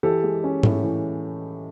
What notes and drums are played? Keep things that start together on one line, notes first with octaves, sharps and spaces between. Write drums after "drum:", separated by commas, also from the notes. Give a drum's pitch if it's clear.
E3 G4 A4
G#3
C#4
A2, drum: tom G#2
E3